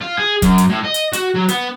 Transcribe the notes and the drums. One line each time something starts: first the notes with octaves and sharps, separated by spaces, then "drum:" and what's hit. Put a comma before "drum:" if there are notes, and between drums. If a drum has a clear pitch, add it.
F4
G#4
F#2, drum: kick, hi-hat
drum: hi-hat
A2
D#5
drum: hi-hat
F#4, drum: hi-hat
F#3
B3, drum: hi-hat